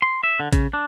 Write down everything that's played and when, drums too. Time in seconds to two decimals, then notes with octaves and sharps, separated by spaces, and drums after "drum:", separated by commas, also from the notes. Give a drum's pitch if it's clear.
0.02 C6
0.23 E5
0.40 D3
0.53 C#3, drum: kick, hi-hat
0.73 D4